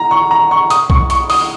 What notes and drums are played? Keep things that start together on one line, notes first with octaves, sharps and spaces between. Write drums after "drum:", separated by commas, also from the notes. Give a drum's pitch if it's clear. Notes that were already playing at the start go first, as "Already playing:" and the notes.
Already playing: A#5
C#6
A#5
C#6
D#6, drum: hi-hat
C#6, drum: kick B1
C#6, drum: hi-hat
D#6, drum: open hi-hat